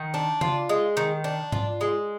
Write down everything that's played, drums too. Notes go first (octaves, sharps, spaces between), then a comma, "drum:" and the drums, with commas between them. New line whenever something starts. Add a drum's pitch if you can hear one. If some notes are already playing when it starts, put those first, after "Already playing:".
Already playing: D#3
D4
F4, drum: tom C#3
G#3
D#3
D4
F4, drum: tom G#2
G#3